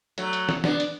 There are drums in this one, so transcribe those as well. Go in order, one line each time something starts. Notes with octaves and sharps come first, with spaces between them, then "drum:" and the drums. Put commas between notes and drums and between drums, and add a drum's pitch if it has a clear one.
F#3 A3, drum: hi-hat
drum: hi-hat
drum: snare
B3 D4, drum: snare
drum: hi-hat